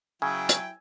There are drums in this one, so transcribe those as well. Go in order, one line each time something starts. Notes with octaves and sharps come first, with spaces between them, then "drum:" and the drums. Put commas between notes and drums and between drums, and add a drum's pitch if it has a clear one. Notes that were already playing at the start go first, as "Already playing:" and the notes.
C#3 F#3 E4 G5 G#5 E6 G#6
drum: hi-hat